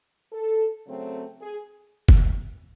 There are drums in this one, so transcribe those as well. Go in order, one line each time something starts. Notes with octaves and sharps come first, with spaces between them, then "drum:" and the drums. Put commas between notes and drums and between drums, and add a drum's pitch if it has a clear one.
A4
C#3 F#3 A3 C4
G#4
drum: kick